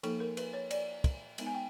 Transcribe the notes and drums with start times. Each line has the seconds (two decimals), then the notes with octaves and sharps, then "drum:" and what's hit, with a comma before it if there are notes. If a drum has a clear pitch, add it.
0.03 F3 A#3 D#4 A4, drum: cymbal
0.20 A#4
0.37 B4, drum: cymbal
0.53 C#5
0.71 D5, drum: cymbal
1.04 drum: kick, cymbal
1.38 G#3 B3 D#4, drum: cymbal
1.46 G#5
1.55 G5